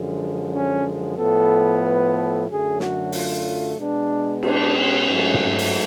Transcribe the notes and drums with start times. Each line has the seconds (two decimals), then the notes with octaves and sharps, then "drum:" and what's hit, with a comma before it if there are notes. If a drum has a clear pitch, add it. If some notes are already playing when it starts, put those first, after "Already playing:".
Already playing: F#2 D3 F3 G#3
0.51 C#4
1.17 A2 F3 B3 A4
1.82 B4
2.14 A4
2.47 F#2 D3 F#3 A3 G#4
2.80 F#4, drum: snare
3.12 F4, drum: open hi-hat
3.78 B2 G#3 B3 D4
4.43 D4, drum: cymbal
4.76 C#4
5.08 G#2 F#3 A3
5.34 drum: tom
5.59 drum: open hi-hat